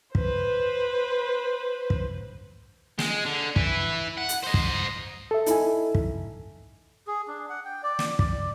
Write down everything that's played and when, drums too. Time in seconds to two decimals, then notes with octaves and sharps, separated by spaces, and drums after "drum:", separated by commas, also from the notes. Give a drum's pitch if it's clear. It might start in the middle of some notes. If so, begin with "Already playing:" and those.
0.15 B4 C5, drum: kick
1.90 drum: kick
2.99 G#3, drum: snare
3.26 D3
3.56 E4 B4, drum: kick
4.17 F#5
4.29 drum: hi-hat
4.43 C5 D#5
4.54 drum: kick
5.31 A4 E5
5.46 D#4 E4 G#5, drum: hi-hat
5.95 drum: kick
7.07 G#4
7.28 D4
7.49 F#5
7.65 G5
7.83 D5
7.99 drum: snare
8.19 D5, drum: kick